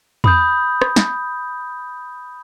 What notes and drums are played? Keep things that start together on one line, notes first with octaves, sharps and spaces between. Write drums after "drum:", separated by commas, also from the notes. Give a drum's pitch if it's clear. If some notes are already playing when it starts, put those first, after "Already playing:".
B5 D#6 G6, drum: tom E2
drum: rim click
drum: snare